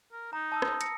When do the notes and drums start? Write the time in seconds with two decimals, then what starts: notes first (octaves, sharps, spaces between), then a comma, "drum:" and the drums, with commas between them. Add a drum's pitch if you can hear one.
0.13 A#4
0.33 D#4 A#5
0.52 A5 D#6 E6
0.62 drum: rim click
0.81 A#6 C#7, drum: hi-hat